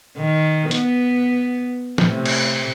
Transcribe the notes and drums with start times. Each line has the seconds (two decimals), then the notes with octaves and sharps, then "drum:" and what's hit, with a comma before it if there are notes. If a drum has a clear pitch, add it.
0.18 D#3
0.71 B3, drum: hi-hat
1.98 A2 C3, drum: snare
2.26 drum: cymbal